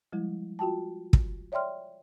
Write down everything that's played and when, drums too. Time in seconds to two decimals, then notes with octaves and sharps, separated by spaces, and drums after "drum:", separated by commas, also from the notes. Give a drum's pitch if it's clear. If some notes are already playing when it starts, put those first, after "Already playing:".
0.12 F3 G3 G#3 E4
0.59 F4 F#4 G5 A5
1.13 drum: kick
1.52 C#5 D5 E5 G5 C6 F6